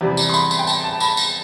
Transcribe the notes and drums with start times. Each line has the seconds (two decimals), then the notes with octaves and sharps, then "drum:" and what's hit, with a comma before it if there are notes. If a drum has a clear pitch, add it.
0.01 E2 C3 G3
0.17 drum: tambourine
0.29 C6
0.34 B5, drum: tambourine
0.51 B5, drum: tambourine
0.59 G5
0.67 A5, drum: tambourine
0.84 A5
1.00 B5, drum: tambourine
1.17 drum: tambourine